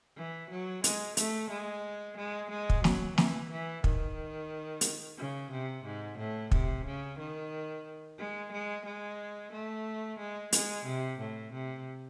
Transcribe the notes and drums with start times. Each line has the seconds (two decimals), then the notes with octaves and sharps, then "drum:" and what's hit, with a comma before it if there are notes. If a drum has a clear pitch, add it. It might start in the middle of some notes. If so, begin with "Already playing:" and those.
0.17 E3
0.50 F#3
0.84 G#3, drum: hi-hat
1.17 A3, drum: hi-hat
1.50 G#3
2.17 G#3
2.50 G#3
2.70 drum: kick
2.84 F#3, drum: snare
3.18 E3, drum: snare
3.51 E3
3.84 D#3, drum: kick
4.81 drum: hi-hat
5.18 C#3
5.51 C3
5.85 G#2
6.18 A2
6.52 C3, drum: kick
6.85 C#3
7.19 D#3
8.19 G#3
8.52 G#3
8.85 G#3
9.52 A3
10.19 G#3
10.52 G#3, drum: hi-hat
10.86 C3
11.19 A2
11.53 C3